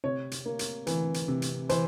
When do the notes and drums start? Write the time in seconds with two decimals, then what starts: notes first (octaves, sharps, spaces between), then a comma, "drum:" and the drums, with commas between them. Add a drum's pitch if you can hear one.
0.04 C3 C#5
0.31 drum: hi-hat
0.46 A#3
0.59 drum: hi-hat
0.87 E3, drum: hi-hat
1.14 drum: hi-hat
1.28 C3
1.42 drum: hi-hat
1.69 E3 C5, drum: hi-hat